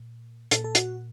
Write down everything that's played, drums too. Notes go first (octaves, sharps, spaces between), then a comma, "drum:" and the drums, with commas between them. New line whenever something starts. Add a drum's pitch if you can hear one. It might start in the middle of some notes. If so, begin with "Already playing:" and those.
Already playing: A#2
A#2 A4, drum: hi-hat
A4
F#4, drum: hi-hat